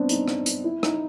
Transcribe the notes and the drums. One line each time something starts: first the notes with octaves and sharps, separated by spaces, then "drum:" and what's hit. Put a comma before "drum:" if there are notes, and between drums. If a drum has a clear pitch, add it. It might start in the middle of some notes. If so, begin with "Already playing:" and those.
Already playing: B3 C4 D4
D#4, drum: hi-hat
drum: rim click
drum: hi-hat
E4
D#4, drum: rim click